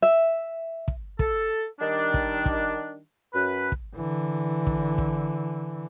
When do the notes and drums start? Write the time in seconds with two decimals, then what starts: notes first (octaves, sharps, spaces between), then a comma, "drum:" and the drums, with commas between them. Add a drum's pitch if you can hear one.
0.02 E5
0.88 drum: kick
1.19 A4, drum: kick
1.80 D#3 G3 D4
2.14 drum: kick
2.46 drum: kick
3.34 F#2 B4
3.72 drum: kick
3.95 D3 E3
4.67 drum: kick
4.98 drum: kick